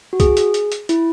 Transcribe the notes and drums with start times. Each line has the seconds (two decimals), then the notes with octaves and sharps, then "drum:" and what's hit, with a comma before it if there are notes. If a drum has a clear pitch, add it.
0.13 F#4
0.20 G#4, drum: kick C2, hi-hat
0.37 drum: hi-hat
0.54 drum: hi-hat
0.72 drum: hi-hat
0.89 E4, drum: hi-hat